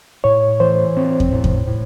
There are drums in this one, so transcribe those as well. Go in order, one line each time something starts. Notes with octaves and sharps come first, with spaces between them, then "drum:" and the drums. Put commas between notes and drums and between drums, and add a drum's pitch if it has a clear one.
A2 C#5
E3 C5
C4
drum: kick E2
A2
drum: kick E2
A2